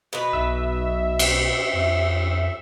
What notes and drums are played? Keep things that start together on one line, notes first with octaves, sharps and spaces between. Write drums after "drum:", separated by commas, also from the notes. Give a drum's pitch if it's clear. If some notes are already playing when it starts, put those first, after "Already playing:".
B2 B4
B1 E5
drum: cymbal
F2